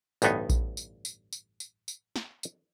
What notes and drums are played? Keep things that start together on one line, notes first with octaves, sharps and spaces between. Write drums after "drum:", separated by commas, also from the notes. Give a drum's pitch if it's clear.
A1 D2 G2 B3 D#4, drum: tambourine
drum: kick A#1, tambourine
drum: tambourine
drum: tambourine
drum: tambourine
drum: tambourine
drum: tambourine
drum: snare
drum: tambourine